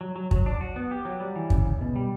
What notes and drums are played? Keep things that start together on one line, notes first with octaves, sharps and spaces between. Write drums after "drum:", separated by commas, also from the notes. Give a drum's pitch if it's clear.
F#3
F#3
F#3, drum: kick
D4
F#4
B3
G4
F#3
G3
E3
C#3, drum: kick
C#3
B2
G3